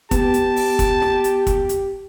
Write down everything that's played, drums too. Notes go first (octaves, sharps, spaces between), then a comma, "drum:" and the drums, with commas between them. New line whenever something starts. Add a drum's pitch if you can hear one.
B3 G4 A5, drum: kick, hi-hat
drum: hi-hat
drum: open hi-hat
drum: kick, hi-hat
drum: snare
drum: hi-hat
drum: kick, hi-hat
drum: hi-hat